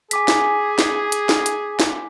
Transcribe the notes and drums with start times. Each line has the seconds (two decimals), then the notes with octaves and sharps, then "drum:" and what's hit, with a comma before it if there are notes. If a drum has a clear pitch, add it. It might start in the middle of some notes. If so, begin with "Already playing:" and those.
0.11 G#4 G#5 D6 B6, drum: hi-hat
0.28 drum: snare
0.79 drum: snare
1.12 drum: hi-hat
1.29 drum: snare
1.46 drum: hi-hat
1.80 drum: snare